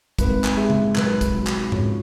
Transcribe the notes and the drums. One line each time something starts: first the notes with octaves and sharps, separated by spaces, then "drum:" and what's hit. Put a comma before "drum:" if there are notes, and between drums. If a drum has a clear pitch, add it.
G#1 B4, drum: kick, hi-hat
drum: clap
G#3 E5
drum: tom
B1 B4, drum: clap
drum: kick, hi-hat
F#3
drum: clap
C#2 C#5, drum: tom G#2